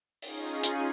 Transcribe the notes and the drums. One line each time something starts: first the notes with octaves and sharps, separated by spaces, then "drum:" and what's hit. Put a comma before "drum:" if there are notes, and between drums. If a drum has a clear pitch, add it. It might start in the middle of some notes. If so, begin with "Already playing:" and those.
C#4 D#4 F4 G#4, drum: open hi-hat
drum: hi-hat